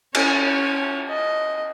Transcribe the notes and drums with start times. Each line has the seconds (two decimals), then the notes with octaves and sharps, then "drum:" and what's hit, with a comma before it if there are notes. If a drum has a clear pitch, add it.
0.15 C#4 C#5, drum: cymbal
1.09 D#5